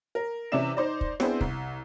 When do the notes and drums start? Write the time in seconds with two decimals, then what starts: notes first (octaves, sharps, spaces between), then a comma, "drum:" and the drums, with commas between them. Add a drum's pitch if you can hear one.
0.15 A#4
0.52 C3 E3 C#4 D5 E5 E7
0.77 D#4 C5 D5
1.01 drum: kick
1.20 B3 C4 D4 E4 G#4 C5, drum: rim click
1.41 C2, drum: kick